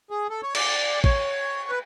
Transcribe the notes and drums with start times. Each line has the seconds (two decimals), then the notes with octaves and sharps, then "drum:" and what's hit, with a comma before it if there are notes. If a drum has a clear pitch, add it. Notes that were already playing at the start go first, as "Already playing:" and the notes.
0.11 G#4
0.30 A4
0.43 C#5
0.55 D5, drum: cymbal
1.04 C#5, drum: kick
1.69 B4